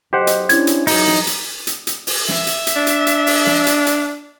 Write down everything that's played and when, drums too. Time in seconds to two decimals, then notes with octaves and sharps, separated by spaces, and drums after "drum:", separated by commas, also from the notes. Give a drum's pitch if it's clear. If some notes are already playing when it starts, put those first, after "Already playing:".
0.13 B1 G4 C5 D#5 F#5
0.27 drum: hi-hat
0.49 C#4 D4 E4 G#6, drum: hi-hat
0.67 drum: hi-hat
0.87 G#2 E3 F#3 D#4, drum: open hi-hat
1.07 drum: snare
1.27 drum: hi-hat
1.67 drum: hi-hat
1.87 drum: hi-hat
2.07 drum: open hi-hat
2.29 E5, drum: snare
2.47 drum: hi-hat
2.67 drum: hi-hat
2.76 D4
2.87 drum: hi-hat
3.07 drum: hi-hat
3.27 drum: open hi-hat
3.47 drum: snare
3.67 drum: hi-hat
3.87 drum: hi-hat